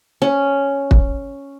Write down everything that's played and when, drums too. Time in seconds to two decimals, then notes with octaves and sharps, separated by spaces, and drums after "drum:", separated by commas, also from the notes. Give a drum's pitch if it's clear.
0.22 C#4
0.91 drum: kick